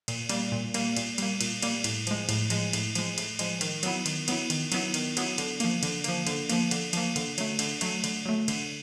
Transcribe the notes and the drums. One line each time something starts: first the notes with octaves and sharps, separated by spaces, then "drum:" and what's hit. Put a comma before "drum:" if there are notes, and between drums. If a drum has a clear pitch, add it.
A#2, drum: cymbal
G3 A#3, drum: cymbal
A#2
G3 A#3, drum: cymbal
A#2, drum: cymbal
G3 A#3, drum: cymbal
A#2, drum: cymbal
G3 A#3, drum: cymbal
A2, drum: cymbal
F3 G#3, drum: cymbal
A2, drum: cymbal
F3 G#3, drum: cymbal
A2, drum: cymbal
F3 G#3, drum: cymbal
A2, drum: cymbal
F3 G#3, drum: cymbal
D#3, drum: cymbal
F#3 B3 E4, drum: cymbal
D#3, drum: cymbal
F#3 B3 E4, drum: cymbal
D#3, drum: cymbal
F#3 B3 E4, drum: cymbal
D#3, drum: cymbal
F#3 B3 E4, drum: cymbal
D3, drum: cymbal
F3 A#3, drum: cymbal
D3, drum: cymbal
F3 A#3, drum: cymbal
D3, drum: cymbal
F3 A#3, drum: cymbal
D3, drum: cymbal
F3 A#3, drum: cymbal
D3, drum: cymbal
F#3 A3, drum: cymbal
D3, drum: cymbal
F#3 A3, drum: cymbal
D3, drum: cymbal
F#3 A3
D3, drum: cymbal